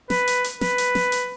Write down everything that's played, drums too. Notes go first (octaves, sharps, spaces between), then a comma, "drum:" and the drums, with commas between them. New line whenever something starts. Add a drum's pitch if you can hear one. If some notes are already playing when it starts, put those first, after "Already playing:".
B4, drum: snare
drum: hi-hat
drum: hi-hat
B4, drum: snare
drum: hi-hat
drum: snare
drum: hi-hat